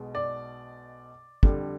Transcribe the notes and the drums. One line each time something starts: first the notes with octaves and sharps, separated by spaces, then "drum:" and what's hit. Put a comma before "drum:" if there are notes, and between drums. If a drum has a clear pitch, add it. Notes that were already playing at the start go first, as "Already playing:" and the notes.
Already playing: B1 B2 G#3
D5
F2 D3 G3, drum: kick